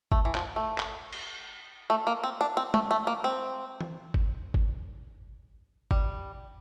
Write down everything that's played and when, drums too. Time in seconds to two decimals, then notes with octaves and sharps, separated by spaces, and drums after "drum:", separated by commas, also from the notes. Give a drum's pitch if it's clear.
0.12 A3, drum: kick G1
0.25 E3
0.35 F3, drum: clap
0.56 A3
0.78 drum: clap
1.13 drum: cymbal
1.90 A3
2.07 A#3
2.24 C4
2.41 D4
2.57 C4
2.74 A3, drum: tom
2.91 A3
3.07 A#3
3.24 C4
3.81 drum: tom E3
4.14 drum: kick G1
4.54 drum: kick G1
5.91 G3, drum: kick G1